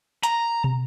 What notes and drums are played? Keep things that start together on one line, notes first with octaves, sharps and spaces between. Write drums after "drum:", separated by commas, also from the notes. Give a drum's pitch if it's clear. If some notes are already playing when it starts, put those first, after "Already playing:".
A#5, drum: hi-hat
drum: tom